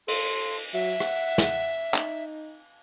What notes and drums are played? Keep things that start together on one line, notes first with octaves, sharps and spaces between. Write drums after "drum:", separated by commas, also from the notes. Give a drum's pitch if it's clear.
A4 C6, drum: cymbal
F#3 E5
F#5, drum: rim click
drum: snare
D#4, drum: clap